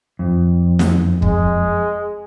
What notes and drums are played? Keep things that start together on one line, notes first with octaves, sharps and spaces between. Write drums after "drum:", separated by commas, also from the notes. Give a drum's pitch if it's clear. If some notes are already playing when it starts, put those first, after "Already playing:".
F2
drum: snare
G#3, drum: kick